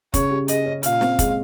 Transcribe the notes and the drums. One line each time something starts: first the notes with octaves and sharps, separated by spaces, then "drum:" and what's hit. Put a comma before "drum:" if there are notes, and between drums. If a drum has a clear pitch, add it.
C#3 C#5, drum: kick, hi-hat
G3
G#4 D#5, drum: hi-hat
C#4
A#2 F5, drum: hi-hat
C4, drum: snare
G#3, drum: kick, hi-hat